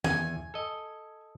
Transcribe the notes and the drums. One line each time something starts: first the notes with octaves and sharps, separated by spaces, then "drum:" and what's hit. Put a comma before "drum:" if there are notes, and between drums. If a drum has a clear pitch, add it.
E2 G#5, drum: tom D#3
A4 D#5